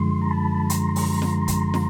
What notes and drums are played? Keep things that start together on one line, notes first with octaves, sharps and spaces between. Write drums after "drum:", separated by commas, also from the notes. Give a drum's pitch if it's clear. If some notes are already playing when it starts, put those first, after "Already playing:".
Already playing: F#2 D3 F3 G#3 C6
A#5
A5 B5
A#5 C6, drum: hi-hat
drum: open hi-hat
drum: snare
drum: kick, hi-hat
drum: snare